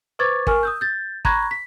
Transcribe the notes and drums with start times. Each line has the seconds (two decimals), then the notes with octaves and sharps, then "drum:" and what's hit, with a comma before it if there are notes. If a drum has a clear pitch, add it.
0.19 B4 C5 C#6 D6 G#6 A6
0.47 A#4 G#5 C#6 F6, drum: kick
0.63 D#6 E6 G6
0.81 G6 A6
1.25 A#5 B5 C#6 F#6 G#6 A#6, drum: kick
1.51 B6